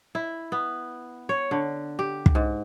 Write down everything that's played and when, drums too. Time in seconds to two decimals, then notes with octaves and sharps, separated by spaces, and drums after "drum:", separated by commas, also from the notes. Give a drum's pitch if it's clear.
0.15 E4
0.52 B3
1.29 C#5
1.51 D3
1.99 G4
2.26 drum: kick
2.35 G#2